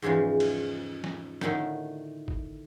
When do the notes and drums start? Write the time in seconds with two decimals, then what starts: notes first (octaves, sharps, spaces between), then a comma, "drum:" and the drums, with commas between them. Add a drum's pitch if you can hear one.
0.02 E2 G#2 C#3 E3 F3
0.40 drum: cymbal
1.04 drum: snare
1.41 A2 D3 D#3 D#4, drum: snare
2.28 drum: kick G#1